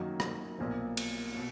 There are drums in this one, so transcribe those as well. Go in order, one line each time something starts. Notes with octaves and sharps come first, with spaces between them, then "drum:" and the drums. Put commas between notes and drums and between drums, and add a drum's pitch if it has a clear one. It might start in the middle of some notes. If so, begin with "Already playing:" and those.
Already playing: F#2 D#3 F#3 A#3 D#4
drum: rim click
B1 A#2 F3
drum: cymbal
B2